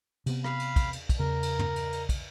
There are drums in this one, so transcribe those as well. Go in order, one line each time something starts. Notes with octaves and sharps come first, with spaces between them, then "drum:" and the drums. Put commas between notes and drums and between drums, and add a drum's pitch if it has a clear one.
C3 B3, drum: cymbal
F5 B5, drum: rim click
drum: cymbal
drum: kick, cymbal
drum: cymbal
drum: kick, cymbal
E2 C#3 A#4
drum: cymbal
drum: tom
drum: cymbal
drum: cymbal
drum: kick, cymbal